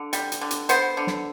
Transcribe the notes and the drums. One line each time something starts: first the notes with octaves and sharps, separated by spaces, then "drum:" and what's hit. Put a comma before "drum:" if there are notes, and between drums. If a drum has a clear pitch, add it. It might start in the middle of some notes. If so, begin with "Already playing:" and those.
Already playing: D3
G3, drum: hi-hat
drum: hi-hat
D3
drum: hi-hat
B3 C5, drum: hi-hat
D3
drum: snare